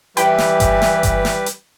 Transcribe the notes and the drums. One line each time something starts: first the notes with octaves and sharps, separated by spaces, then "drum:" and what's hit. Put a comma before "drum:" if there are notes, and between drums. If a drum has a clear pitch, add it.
E3 G3 G4 B4 G5 B5, drum: hi-hat
drum: snare
drum: kick G1, hi-hat
drum: snare
drum: kick G1, hi-hat
drum: snare
drum: hi-hat